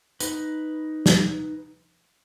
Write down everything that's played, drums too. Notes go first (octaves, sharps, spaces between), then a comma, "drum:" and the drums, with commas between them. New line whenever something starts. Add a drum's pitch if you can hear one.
D#4 B4, drum: hi-hat
drum: snare